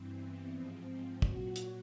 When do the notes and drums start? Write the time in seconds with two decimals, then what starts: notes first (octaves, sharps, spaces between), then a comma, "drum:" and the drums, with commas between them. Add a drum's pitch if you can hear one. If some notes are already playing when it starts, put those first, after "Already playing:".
Already playing: G2 E3 C4
0.20 B3
0.54 G#2 F3 C4
0.89 C4
1.22 A#2 F#3 F#4, drum: kick
1.56 drum: hi-hat